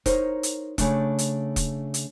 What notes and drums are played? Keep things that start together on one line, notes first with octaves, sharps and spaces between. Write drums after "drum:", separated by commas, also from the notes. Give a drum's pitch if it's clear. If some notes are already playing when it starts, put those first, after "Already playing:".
D#4 A#4 C5 C#5, drum: kick E1, hi-hat
drum: hi-hat
C#3 A3 D4, drum: kick E1, hi-hat
drum: hi-hat
drum: kick E1, hi-hat
drum: hi-hat